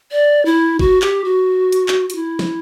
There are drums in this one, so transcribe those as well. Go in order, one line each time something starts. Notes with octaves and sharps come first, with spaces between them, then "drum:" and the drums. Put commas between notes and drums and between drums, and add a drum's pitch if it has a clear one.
D5
E4
F#4, drum: kick
G4, drum: clap
F#4
drum: hi-hat
drum: clap
F#4, drum: hi-hat
E4
drum: snare